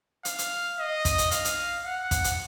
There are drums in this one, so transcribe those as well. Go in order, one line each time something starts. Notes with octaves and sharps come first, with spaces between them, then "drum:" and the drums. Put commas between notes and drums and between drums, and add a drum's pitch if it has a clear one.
F5, drum: hi-hat
drum: hi-hat
D#5
drum: kick, hi-hat
drum: hi-hat
F5, drum: hi-hat
drum: hi-hat
F#5
drum: kick, hi-hat
drum: hi-hat